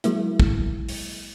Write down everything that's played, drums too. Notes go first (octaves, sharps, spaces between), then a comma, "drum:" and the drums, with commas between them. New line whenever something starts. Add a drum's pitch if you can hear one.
F#3 G#3 A#3 E4, drum: hi-hat
drum: kick
drum: open hi-hat